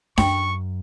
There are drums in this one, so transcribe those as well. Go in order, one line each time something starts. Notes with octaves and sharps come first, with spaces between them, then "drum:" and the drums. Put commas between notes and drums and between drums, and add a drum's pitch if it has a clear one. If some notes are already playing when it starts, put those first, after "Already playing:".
F#2 G5 C#6, drum: snare D4